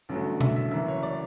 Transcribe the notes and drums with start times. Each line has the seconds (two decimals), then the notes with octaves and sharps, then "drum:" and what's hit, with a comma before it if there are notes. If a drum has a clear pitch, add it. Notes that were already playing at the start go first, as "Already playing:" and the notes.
0.09 A1 G2 D3 F#3 A3
0.41 E5, drum: tom B2
0.56 E5
0.71 F#1 F#2 E3 E5
0.88 C#5
1.03 D5